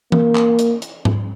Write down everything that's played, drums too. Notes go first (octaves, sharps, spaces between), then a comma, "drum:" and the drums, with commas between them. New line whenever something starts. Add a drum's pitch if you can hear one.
A#3, drum: tom E3
drum: clap
drum: hi-hat
drum: hi-hat
drum: tom G#2